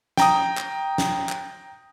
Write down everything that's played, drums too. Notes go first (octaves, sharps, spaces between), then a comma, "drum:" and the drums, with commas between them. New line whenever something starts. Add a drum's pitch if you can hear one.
G5 A#5 D#6, drum: snare
drum: clap
drum: snare
drum: clap